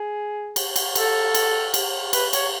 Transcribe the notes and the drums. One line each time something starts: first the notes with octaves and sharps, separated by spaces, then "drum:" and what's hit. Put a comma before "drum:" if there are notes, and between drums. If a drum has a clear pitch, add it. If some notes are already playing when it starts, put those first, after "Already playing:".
Already playing: G#4
drum: cymbal
drum: cymbal
A4, drum: cymbal
drum: cymbal
drum: cymbal
B4, drum: cymbal
C#5, drum: cymbal